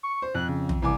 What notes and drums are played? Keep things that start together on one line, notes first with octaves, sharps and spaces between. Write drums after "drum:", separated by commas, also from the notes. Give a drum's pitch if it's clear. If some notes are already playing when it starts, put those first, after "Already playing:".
C#6
C5
F2 F#6
C#3
drum: tom
C2 E3 G#5 D6